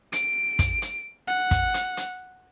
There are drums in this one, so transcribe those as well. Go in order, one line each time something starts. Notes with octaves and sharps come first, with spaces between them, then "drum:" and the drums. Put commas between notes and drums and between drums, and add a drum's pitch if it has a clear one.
D7, drum: hi-hat
drum: kick, hi-hat
drum: hi-hat
F#5
drum: kick, hi-hat
drum: hi-hat
drum: hi-hat